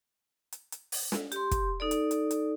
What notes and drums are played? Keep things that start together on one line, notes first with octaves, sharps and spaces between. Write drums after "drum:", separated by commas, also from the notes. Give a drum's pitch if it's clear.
drum: hi-hat
drum: hi-hat
drum: open hi-hat
drum: snare
G4 C6, drum: hi-hat
drum: kick, hi-hat
D#4 A4 D5
drum: hi-hat
drum: hi-hat
drum: hi-hat